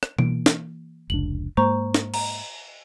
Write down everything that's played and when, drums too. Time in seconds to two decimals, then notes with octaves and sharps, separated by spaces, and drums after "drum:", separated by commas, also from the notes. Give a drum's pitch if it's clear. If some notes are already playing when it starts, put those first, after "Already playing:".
0.03 drum: rim click
0.19 E3 A#3 D7, drum: tom B2
0.46 drum: snare
1.10 F1 C#2 D4 F#7
1.57 G#2 G#3 A#3 C5 A#5 C#6
1.95 drum: snare
2.14 A#5, drum: cymbal